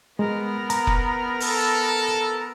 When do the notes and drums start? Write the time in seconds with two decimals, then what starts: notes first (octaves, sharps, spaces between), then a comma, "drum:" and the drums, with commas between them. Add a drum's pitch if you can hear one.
0.19 G#3 B3 A#4
0.70 A#5, drum: hi-hat
0.87 drum: kick F1
1.40 A4, drum: open hi-hat